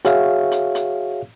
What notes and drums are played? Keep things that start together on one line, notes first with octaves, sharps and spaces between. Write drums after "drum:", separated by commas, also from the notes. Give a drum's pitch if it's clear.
F#4 G#4 C#5 E5 F5, drum: hi-hat
drum: hi-hat
drum: hi-hat